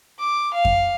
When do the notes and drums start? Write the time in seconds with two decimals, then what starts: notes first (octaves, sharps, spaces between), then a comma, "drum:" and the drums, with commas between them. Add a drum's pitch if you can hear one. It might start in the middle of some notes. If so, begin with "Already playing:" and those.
0.20 D6
0.53 F5
0.65 drum: kick F2